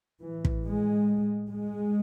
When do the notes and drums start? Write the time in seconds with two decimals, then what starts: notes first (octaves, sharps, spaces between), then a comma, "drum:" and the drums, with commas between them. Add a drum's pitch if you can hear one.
0.23 A2 E3
0.45 drum: kick
0.65 G#3
1.50 G#3